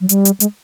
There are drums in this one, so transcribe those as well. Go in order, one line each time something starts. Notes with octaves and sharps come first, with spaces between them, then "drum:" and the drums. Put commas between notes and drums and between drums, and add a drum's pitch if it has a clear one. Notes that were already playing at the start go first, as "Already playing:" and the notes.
F#3
G3, drum: hi-hat
drum: hi-hat
G#3, drum: hi-hat